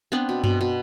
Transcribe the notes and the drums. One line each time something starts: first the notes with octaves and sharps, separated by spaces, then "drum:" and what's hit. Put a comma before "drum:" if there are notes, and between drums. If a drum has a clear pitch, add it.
B3 C4 D4
B2
B2, drum: tom G2
B2